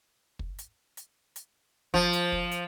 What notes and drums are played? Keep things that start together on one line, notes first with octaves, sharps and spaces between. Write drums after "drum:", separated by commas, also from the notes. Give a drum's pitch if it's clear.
drum: kick
drum: hi-hat
drum: hi-hat
drum: hi-hat
F3, drum: kick
drum: hi-hat
drum: kick
drum: hi-hat